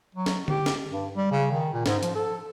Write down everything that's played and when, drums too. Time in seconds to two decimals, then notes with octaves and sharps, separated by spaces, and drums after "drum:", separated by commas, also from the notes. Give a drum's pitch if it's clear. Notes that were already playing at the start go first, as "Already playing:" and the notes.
0.15 F#3
0.26 drum: snare
0.48 G4, drum: tom D3
0.66 drum: snare
0.91 G2
1.17 G3
1.32 C#3
1.51 D#3
1.73 A#2
1.86 G#2, drum: snare
2.03 F3, drum: hi-hat
2.15 A4